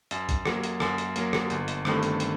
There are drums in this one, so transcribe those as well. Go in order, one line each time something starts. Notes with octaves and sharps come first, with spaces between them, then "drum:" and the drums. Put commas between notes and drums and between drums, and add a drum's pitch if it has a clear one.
F#2, drum: hi-hat
drum: kick, hi-hat
F#3 A#3, drum: rim click
drum: hi-hat
F#2, drum: rim click
drum: hi-hat
F#3 A#3, drum: hi-hat
drum: rim click
G1, drum: hi-hat
drum: hi-hat
G2 D#3 A3 C4, drum: rim click
drum: hi-hat
drum: hi-hat